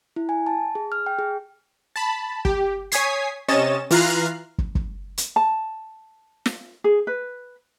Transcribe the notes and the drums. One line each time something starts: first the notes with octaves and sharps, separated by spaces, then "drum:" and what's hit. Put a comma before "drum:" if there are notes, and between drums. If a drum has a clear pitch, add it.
E4
G#5
A5
G#4
F6
G5
G#4
A5 B5
G4, drum: kick
C#5 G#5 D#6 G#6 B6 C7, drum: hi-hat
C3 C#4 C#5 D#5 A6 E7
E3 F4 A#5 F6 F#6 C7, drum: open hi-hat
drum: kick
drum: kick
drum: hi-hat
A5
drum: snare
G#4
B4